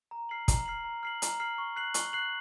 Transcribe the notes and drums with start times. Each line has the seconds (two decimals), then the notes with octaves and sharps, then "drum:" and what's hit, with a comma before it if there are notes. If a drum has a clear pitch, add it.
0.11 A#5
0.29 F6 C7 F#7
0.48 A#5, drum: kick, hi-hat
0.66 F6 C7 F#7
0.85 A#5
1.03 F6 C7 F#7
1.22 A#5, drum: hi-hat
1.40 F6 C7 F#7
1.58 C#6
1.76 F#6 C7 F#7
1.94 C#6, drum: hi-hat
2.13 F#6 C7 F#7